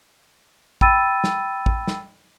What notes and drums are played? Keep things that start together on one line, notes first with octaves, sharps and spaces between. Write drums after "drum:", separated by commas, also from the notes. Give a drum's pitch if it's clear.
G5 B5 E6 A6 D#7, drum: kick
drum: snare
drum: kick
drum: snare